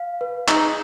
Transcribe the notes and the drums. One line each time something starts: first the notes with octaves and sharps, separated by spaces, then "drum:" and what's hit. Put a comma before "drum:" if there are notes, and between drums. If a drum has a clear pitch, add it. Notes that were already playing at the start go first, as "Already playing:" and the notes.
Already playing: F5
B4
D#4 G#4, drum: clap